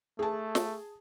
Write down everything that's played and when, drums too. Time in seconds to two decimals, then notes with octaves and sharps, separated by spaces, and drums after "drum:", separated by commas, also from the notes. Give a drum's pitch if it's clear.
0.19 A3 G#4 A5
0.55 drum: snare